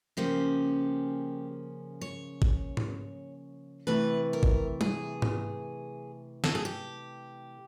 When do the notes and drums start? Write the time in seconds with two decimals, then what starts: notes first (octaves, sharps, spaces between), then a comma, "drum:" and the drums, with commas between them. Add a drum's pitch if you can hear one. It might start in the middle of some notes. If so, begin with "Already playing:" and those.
0.17 C#3 F3 A#3 C#4 G4
2.01 C#5
2.42 drum: kick G1
2.77 drum: tom G#2
3.87 C3 E3 A3 B4
4.33 A#4
4.43 drum: kick G1
4.81 G#4, drum: tom G3
5.22 drum: tom G#2
6.44 A4, drum: snare
6.55 G#4
6.65 G4